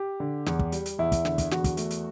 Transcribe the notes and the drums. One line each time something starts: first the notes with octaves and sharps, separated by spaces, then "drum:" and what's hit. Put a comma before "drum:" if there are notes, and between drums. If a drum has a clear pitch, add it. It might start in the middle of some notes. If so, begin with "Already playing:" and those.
Already playing: G4
D3
E2, drum: snare
drum: kick
G3, drum: hi-hat
drum: hi-hat
E2 E4
drum: kick, hi-hat
D3, drum: snare
drum: kick, hi-hat
E2 F#4, drum: snare
drum: kick, hi-hat
A3, drum: hi-hat
drum: hi-hat